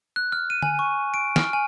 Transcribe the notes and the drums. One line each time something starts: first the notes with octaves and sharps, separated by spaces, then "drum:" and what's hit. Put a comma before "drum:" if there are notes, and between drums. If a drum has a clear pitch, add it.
F#6
F6
D#7
G#5, drum: tom D3
C#6
D7
F6, drum: snare
G#5